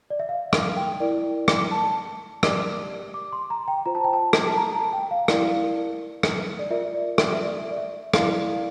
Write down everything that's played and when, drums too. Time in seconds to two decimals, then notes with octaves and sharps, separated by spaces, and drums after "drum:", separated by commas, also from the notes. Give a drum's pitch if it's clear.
0.10 D5
0.20 E5
0.29 F5
0.53 drum: rim click
0.77 G5
1.00 E4 A#4 D5
1.48 drum: rim click
1.71 A5
2.43 G4 D5 D6, drum: rim click
3.14 D6
3.33 C6
3.50 A#5
3.68 G5
3.86 F4 C5 A#5
3.95 A5
4.04 G5
4.13 A5
4.33 drum: rim click
4.47 A5
4.57 A#5
4.75 A5
4.93 G5
5.11 F5
5.28 E4 A#4 D5, drum: rim click
6.23 drum: rim click
6.59 D5
6.71 F4 A#4 D5 E5
6.94 D5
7.18 E5, drum: rim click
7.33 E5
7.42 D5
7.71 D5
7.78 E5
8.14 E4 A#4 D5 F5, drum: rim click